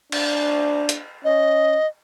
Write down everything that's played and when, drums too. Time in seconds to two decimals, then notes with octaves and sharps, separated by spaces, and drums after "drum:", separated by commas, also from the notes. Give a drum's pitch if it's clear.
0.12 D4, drum: cymbal
0.89 drum: hi-hat
1.25 C#4 D#5